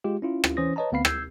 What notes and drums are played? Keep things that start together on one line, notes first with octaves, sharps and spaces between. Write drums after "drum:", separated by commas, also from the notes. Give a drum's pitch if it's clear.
G#3 F4 G4
C#4 E4 F4
drum: rim click
E3 C#4 C5 D#6 A#6
B4 C#5 D#5 A5 A#5
D2 B3 C4 F5 B5 C7
E6 G6 G#6 C7, drum: rim click